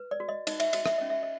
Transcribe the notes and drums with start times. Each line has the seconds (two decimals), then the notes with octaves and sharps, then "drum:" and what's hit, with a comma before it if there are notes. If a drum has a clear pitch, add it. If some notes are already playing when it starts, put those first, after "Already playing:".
Already playing: B4
0.11 D5
0.20 F#4
0.29 D#5
0.47 D#4 D#5, drum: cymbal
0.60 E5, drum: cymbal
0.73 F#4 D#5, drum: cymbal
0.86 E5, drum: rim click
0.98 C#4 D#5
1.10 E5
1.23 D#5